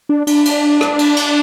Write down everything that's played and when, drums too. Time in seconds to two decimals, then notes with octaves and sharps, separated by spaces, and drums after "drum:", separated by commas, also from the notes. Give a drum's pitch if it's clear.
0.09 D4
0.27 D4, drum: cymbal
0.45 drum: cymbal
0.81 drum: rim click
0.99 drum: cymbal
1.17 drum: cymbal